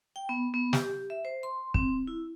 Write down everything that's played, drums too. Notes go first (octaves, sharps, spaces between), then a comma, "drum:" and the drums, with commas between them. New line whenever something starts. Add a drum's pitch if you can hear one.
G5
B3
B3
G4, drum: snare
E5
C5
C6
C4, drum: kick
E4